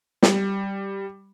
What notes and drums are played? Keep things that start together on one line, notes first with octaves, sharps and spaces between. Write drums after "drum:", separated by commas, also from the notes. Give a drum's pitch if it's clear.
G3, drum: snare